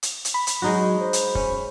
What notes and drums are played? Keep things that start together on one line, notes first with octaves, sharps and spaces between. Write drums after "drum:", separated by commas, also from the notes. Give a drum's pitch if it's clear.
drum: hi-hat
drum: hi-hat
B5
drum: hi-hat
F#3 G#3 D#4 F#4
C5
drum: hi-hat
C#4, drum: kick